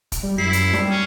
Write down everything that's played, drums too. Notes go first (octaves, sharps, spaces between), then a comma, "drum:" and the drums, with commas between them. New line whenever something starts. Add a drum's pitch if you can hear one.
drum: kick, hi-hat
G3
F#2 E4 C7
drum: hi-hat
G3, drum: snare
C#4